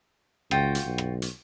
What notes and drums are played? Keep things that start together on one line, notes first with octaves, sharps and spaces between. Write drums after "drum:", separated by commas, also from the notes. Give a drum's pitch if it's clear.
C#2 F4 F#4 G5, drum: rim click
drum: hi-hat
B1
drum: rim click
drum: hi-hat